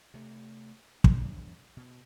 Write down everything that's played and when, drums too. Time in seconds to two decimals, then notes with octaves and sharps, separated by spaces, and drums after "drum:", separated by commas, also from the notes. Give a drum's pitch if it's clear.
0.14 C3 A3
1.04 E2 F3 G3 D4, drum: kick
1.77 B2